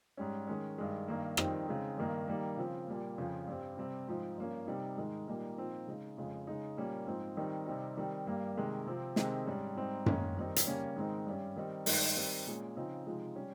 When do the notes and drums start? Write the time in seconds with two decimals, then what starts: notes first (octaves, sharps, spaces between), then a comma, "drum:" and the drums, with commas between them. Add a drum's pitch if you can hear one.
0.17 G#2 G3 C#4
0.47 D#3 G#3 C#4
0.78 G2 D#3 G#3
1.08 G2 D#3 A#3
1.37 F2 D#3 G3 C4 D#4, drum: rim click
1.68 C#3 G#3 C4 D#4
1.98 G2 D#3 A#3 D#4
2.27 D#3 G3 A#3 D#4
2.57 C#3 F3 C4
2.88 A#2 G3 A#3
3.18 F2 C#3 F3
3.47 G2 G3 C4
3.77 C3 G3 C4
4.07 G#2 F3 C4 D#4
4.37 G2 F3 A#3 C#4
4.67 C3 G3 C4 D#4
4.97 G#2 D#3 G#3 D#4
5.28 A#2 G3 A#3 D#4
5.58 A#2 F3 C4 D#4
5.87 C#3 G#3 D#4
6.17 F2 C#3 G#3
6.47 C#3 G#3 D#4
6.77 A#2 G3 A#3 C#4
7.07 G#2 F3 C4 D#4
7.37 D#3 G3 C4 D#4
7.66 C3 G3 C4 D#4
7.97 D#3 G3 C4 D#4
8.27 G2 G3 A#3
8.57 C3 D#3 G#3
8.87 C3 F3 C4
9.16 C3 D#3 G#3 C4 D#4, drum: snare
9.46 G#2 G3 C#4
9.76 G#2 G3 C4 D#4
10.06 G#2 D#3 A#3 C#4, drum: tom F#2
10.37 D#3 G3 C4 D#4
10.56 drum: hi-hat
10.67 C#3 G3 A#3 C#4
10.96 G#2 D#3 G#3 C4 D#4
11.26 G2 G3 C#4
11.56 D#3 G3 C4 D#4
11.86 G2 D#3 G#3 D#4, drum: open hi-hat
12.16 D#3 G3 C4
12.47 A#2 G#3 C#4
12.77 C#3 F3 C4 D#4
13.06 C3 F3 G#3 D#4
13.36 G3 C#4